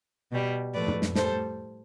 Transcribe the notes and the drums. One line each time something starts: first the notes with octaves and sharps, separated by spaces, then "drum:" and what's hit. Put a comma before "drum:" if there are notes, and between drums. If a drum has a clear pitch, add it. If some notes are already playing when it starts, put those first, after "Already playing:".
B2 G3
A2 F3 A3 B4 D5
drum: tom
drum: snare
A2 G3 A4 C5, drum: snare